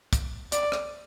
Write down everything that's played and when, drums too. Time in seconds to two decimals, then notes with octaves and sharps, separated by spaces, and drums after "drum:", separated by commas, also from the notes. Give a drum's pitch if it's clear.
0.13 drum: kick, hi-hat
0.52 D5, drum: hi-hat
0.72 drum: rim click